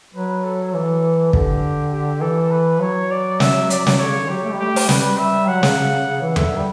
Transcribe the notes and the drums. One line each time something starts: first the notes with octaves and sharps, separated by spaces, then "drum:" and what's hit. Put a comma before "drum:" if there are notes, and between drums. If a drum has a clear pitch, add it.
F#3 B4
A4
E3
D3 G4, drum: kick
G4
E3 A4
B4
F#3 C#5
D5
E5, drum: snare
D5, drum: hi-hat
drum: snare
D3 C#5
C#3
D3
F#3 G4
A3
G3
A3 G4
drum: open hi-hat
G3 B4, drum: snare
E5
F#3 F#5
C#3, drum: snare
C#3
C#3
E3
D3 E5, drum: tom E2
D3
G3